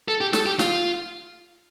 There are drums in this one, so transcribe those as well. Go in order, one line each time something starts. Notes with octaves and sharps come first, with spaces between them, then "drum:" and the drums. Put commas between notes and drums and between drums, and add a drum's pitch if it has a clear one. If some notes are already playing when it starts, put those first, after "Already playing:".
A4
G4
A4, drum: snare
G4
F4, drum: snare